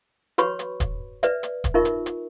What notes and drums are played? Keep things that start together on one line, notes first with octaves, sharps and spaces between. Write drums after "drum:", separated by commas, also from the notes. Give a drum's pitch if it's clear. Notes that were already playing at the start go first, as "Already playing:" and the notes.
F#4 B4 C#5 B5 C#6, drum: hi-hat
drum: hi-hat
drum: kick D#1, hi-hat
B4 D5 E5, drum: hi-hat
drum: hi-hat
drum: kick D#1, hi-hat
D#4 F4 A#4 E5 C#6
drum: hi-hat
drum: hi-hat